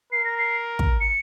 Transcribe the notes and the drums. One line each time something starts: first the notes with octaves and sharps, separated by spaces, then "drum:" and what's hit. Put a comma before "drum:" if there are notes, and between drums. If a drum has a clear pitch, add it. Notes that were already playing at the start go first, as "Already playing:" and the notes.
A#4 C7
A#6
C7
drum: kick
C#7